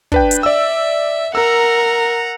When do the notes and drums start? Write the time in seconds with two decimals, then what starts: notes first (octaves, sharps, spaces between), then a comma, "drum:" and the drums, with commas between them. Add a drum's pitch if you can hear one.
0.12 D4 B4 G5, drum: kick
0.31 drum: hi-hat
0.43 D5 E5 E6
1.35 A#4 F#5 A#5 E6